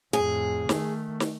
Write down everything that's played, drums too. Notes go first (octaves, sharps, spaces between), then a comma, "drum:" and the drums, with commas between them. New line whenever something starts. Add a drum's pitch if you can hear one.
F2 A2 G#4
D#3 A3, drum: snare
drum: snare